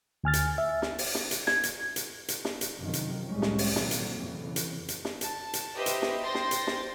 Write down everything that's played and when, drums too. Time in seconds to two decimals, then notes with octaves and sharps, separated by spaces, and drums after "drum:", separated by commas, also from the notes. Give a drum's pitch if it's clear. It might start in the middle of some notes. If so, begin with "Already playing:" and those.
0.24 D2 G#5 F6 A6
0.33 drum: hi-hat
0.58 E5
0.82 drum: snare
0.98 drum: open hi-hat
1.15 drum: snare
1.31 drum: hi-hat
1.47 G#6, drum: snare
1.63 drum: hi-hat
1.96 drum: hi-hat
2.28 drum: hi-hat
2.45 drum: snare
2.61 drum: hi-hat
2.79 F#2 C3 D#3 F3
2.93 drum: hi-hat
3.29 C2 F2 A2 G3 G#3 C#4
3.42 drum: snare
3.58 drum: open hi-hat
3.76 A#2 D3 D#3 F#3 A#3 C4, drum: snare
3.91 drum: hi-hat
4.16 F2 C#3 E3
4.56 drum: hi-hat
4.88 drum: hi-hat
5.05 drum: snare
5.21 A5, drum: hi-hat
5.53 drum: hi-hat
5.75 G4 B4 C5 D#5 E5
5.86 drum: hi-hat
6.02 drum: snare
6.23 C5 G5 C6 A6 A#6
6.35 drum: snare
6.51 drum: hi-hat
6.67 drum: snare